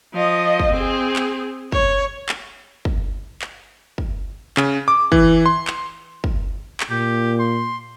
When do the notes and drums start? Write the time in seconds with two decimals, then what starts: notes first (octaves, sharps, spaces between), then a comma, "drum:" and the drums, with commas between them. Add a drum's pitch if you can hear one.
0.14 F3 D#5
0.60 drum: kick
0.72 C4 G#4
1.16 drum: clap
1.72 C#5, drum: kick
2.29 drum: clap
2.85 drum: kick
3.42 drum: clap
3.98 drum: kick
4.57 C#3, drum: clap
4.88 D6
5.12 E3, drum: kick
5.46 C6
5.67 drum: clap
6.24 drum: kick
6.80 drum: clap
6.91 A#2 G4
7.40 C6